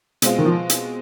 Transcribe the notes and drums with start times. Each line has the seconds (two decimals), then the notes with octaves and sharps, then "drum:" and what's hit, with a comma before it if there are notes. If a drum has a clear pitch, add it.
0.22 B2 G#3 C4 F4, drum: hi-hat
0.39 D#3
0.45 F3
0.70 drum: hi-hat